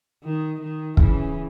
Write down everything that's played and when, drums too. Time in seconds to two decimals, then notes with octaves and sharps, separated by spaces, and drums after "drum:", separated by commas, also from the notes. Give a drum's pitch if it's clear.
0.24 D#3
0.61 D#3
0.97 C#3 E3, drum: kick